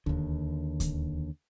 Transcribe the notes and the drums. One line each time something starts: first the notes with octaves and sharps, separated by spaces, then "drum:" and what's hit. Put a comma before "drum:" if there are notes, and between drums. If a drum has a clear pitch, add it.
D#2 D3, drum: kick D2
drum: kick D2, hi-hat